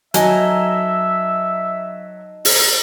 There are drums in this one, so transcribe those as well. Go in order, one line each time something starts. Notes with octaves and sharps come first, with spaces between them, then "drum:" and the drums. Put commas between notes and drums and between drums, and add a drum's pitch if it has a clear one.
F#3 D#4 A4 E5 G#5, drum: hi-hat
drum: open hi-hat